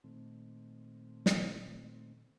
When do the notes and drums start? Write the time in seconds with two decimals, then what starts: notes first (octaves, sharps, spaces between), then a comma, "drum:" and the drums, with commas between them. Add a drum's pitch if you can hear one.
0.04 A#2 D#3 A3 C4
1.26 drum: snare